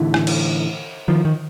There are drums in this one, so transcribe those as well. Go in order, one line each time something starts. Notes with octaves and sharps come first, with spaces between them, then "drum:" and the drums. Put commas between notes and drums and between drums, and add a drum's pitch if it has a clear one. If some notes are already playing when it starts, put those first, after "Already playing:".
Already playing: A2 D3 E3
drum: rim click
drum: cymbal
D#3 F3
D#3